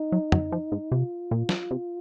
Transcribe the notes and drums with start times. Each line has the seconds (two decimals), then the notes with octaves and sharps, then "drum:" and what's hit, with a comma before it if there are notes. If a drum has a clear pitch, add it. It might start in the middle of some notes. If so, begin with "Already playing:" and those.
Already playing: D#4
0.12 F#3
0.32 F#3, drum: tom
0.52 F3
0.72 G#2
0.91 C3 F4
1.31 A#2
1.49 drum: snare
1.71 C3